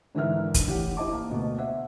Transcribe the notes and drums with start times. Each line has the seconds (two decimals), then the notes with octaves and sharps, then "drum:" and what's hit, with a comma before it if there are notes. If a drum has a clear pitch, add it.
0.15 G#2 D3 E3 A#4 E5 F6
0.54 drum: kick, hi-hat
0.67 A1 G4 F#5
0.97 E4 C5 D#5 A5 D6
1.13 A#3
1.29 D2 B2
1.58 C5 E5 F#5